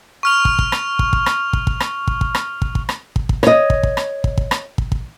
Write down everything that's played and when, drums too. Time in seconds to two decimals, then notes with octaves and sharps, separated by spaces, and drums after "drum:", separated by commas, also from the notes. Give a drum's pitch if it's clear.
0.23 C#6 F6 F7
0.45 drum: kick
0.59 drum: kick
0.72 drum: rim click
0.99 drum: kick
1.13 drum: kick
1.26 drum: rim click
1.53 drum: kick
1.67 drum: kick
1.80 drum: rim click
2.07 drum: kick
2.21 drum: kick
2.35 drum: rim click
2.62 drum: kick
2.75 drum: kick
2.89 drum: rim click
3.16 drum: kick
3.29 drum: kick
3.43 C#5 D#5, drum: rim click
3.70 drum: kick
3.83 drum: kick
3.97 drum: rim click
4.24 drum: kick
4.38 drum: kick
4.51 drum: rim click
4.78 drum: kick
4.92 drum: kick